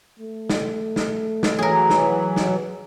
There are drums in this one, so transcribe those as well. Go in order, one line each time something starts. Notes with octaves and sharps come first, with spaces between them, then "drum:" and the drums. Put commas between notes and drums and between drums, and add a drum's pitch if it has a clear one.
A3
drum: snare
drum: snare
drum: snare
E3 F#3 G#4 A#4
drum: snare
drum: snare